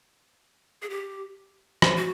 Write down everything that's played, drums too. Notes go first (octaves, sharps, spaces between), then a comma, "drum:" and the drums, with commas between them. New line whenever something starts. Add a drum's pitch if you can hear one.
G#4
G4
drum: rim click
F#4